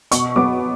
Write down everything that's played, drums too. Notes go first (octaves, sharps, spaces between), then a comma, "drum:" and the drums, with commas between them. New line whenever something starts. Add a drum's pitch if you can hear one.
B2 C#6, drum: hi-hat
F#3 B3 D6